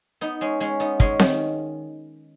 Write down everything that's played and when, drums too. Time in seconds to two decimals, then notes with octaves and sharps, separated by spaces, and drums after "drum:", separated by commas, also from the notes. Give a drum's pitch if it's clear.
0.21 B3 D#4
0.41 G#3 C#4
0.60 G#3 C#4
0.80 B3 D#4
1.00 G#3 C#4, drum: kick
1.19 D#3, drum: snare C4